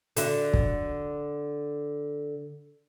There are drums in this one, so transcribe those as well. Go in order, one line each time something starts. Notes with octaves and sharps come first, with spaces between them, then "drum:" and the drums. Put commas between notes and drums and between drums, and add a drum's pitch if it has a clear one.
D3 F#4 E5, drum: hi-hat
drum: kick